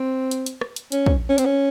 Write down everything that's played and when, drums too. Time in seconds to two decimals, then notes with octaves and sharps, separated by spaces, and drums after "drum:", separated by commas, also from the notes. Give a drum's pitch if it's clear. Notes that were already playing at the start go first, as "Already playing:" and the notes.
Already playing: C4
0.31 drum: hi-hat
0.46 drum: hi-hat
0.61 drum: rim click
0.76 drum: hi-hat
0.92 C#4, drum: hi-hat
1.06 drum: kick
1.29 C#4
1.38 C4, drum: hi-hat
1.46 C#4